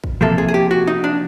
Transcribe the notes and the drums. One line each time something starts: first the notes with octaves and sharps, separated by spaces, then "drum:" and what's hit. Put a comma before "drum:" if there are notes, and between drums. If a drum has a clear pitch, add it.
drum: kick
C3 F3 A#3 A4
G#4
G#4
G4
F#4
D#4
D4